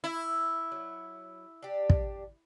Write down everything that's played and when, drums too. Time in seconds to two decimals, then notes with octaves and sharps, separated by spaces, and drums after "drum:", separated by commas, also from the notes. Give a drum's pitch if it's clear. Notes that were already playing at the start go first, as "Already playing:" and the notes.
0.04 E4
0.72 F#3
1.62 D4 G4
1.90 drum: kick